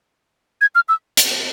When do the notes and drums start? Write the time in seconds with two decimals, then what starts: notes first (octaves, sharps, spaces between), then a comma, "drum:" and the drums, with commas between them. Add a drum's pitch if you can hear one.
0.61 G#6
0.75 F6
0.89 E6
1.17 drum: hi-hat